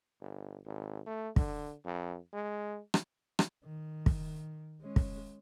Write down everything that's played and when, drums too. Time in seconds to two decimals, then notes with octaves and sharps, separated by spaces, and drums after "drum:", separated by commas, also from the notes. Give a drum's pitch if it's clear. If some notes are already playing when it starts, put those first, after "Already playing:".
0.21 G1
0.65 G#1
1.06 A3
1.36 D3, drum: kick
1.85 F2
2.33 G#3
2.94 drum: rim click
3.39 drum: rim click
3.64 D#3
4.06 drum: kick
4.81 G#3 C#4
4.96 drum: kick